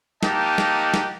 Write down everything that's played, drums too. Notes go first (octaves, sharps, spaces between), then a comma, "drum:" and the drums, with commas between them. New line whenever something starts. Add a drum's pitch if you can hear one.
A#3 D#4 G4 D#5 F#5 A5, drum: snare
drum: snare
drum: snare